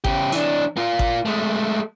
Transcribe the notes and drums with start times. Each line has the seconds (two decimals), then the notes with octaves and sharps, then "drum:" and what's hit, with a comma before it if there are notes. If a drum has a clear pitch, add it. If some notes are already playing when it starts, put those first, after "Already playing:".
0.04 C#3 G4, drum: kick G#1
0.32 E3 D4, drum: hi-hat
0.77 A#3 F4
0.99 drum: kick G#1
1.25 G#3 A3